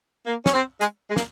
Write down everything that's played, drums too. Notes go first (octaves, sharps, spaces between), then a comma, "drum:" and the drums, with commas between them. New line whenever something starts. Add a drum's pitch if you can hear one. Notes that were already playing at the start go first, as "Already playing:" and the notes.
A#3
C#4, drum: snare
C4
G#3, drum: hi-hat
G#3
A#3, drum: snare